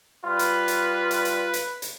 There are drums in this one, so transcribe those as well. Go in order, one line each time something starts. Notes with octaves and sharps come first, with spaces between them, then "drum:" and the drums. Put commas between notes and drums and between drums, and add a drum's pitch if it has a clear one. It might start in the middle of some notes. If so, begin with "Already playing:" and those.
G3 F4 B4
drum: hi-hat
drum: hi-hat
drum: hi-hat
drum: hi-hat
drum: hi-hat
drum: hi-hat